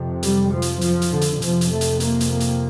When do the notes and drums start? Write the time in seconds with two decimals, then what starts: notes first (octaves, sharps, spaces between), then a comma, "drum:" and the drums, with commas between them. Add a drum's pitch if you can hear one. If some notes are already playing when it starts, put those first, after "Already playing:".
Already playing: F2 C3
0.23 G3, drum: hi-hat
0.53 F3
0.62 drum: hi-hat
0.81 F3, drum: hi-hat
1.02 drum: hi-hat
1.12 D3
1.21 drum: hi-hat
1.42 F2 C3 F3, drum: hi-hat
1.61 drum: hi-hat
1.70 A3
1.81 drum: hi-hat
2.00 A#3, drum: hi-hat
2.21 drum: hi-hat
2.31 A#3
2.40 drum: hi-hat